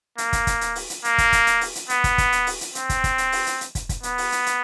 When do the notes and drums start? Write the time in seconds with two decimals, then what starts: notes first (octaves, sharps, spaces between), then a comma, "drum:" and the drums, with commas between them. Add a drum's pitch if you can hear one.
0.18 A#3, drum: hi-hat
0.33 drum: kick, hi-hat
0.47 drum: kick, hi-hat
0.61 drum: hi-hat
0.75 drum: open hi-hat
0.90 drum: hi-hat
1.04 A#3, drum: hi-hat
1.18 drum: kick, hi-hat
1.33 drum: kick, hi-hat
1.47 drum: hi-hat
1.61 drum: open hi-hat
1.75 drum: hi-hat
1.89 B3, drum: hi-hat
2.04 drum: kick, hi-hat
2.18 drum: kick, hi-hat
2.32 drum: hi-hat
2.47 drum: open hi-hat
2.61 drum: hi-hat
2.75 C4, drum: hi-hat
2.89 drum: kick, hi-hat
3.04 drum: kick, hi-hat
3.18 drum: hi-hat
3.32 drum: open hi-hat
3.47 drum: hi-hat
3.61 drum: hi-hat
3.75 drum: kick, hi-hat
3.89 drum: kick, hi-hat
4.03 B3, drum: hi-hat
4.18 drum: open hi-hat
4.32 drum: hi-hat
4.46 drum: hi-hat